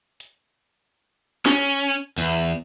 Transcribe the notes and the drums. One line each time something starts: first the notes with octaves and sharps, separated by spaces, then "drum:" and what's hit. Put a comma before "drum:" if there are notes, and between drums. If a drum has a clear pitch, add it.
drum: hi-hat
C#4, drum: snare
E2, drum: tambourine